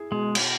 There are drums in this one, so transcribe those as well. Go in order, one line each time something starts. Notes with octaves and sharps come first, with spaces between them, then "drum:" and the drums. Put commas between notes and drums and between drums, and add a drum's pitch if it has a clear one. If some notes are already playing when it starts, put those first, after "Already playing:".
Already playing: E4 G#4
B2 G#3
drum: cymbal